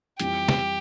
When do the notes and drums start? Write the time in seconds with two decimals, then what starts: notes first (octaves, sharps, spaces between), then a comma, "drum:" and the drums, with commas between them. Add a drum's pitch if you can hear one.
0.20 F2 E3 G3 G4, drum: hi-hat
0.49 drum: snare